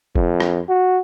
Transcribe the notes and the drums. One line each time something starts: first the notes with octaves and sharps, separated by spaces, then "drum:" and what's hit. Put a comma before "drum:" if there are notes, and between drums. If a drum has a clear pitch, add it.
F2, drum: kick F#1
drum: rim click
F#4